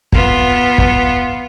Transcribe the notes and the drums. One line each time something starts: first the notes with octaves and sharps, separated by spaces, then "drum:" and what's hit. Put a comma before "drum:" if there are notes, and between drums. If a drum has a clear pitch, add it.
B3 F4, drum: kick
drum: kick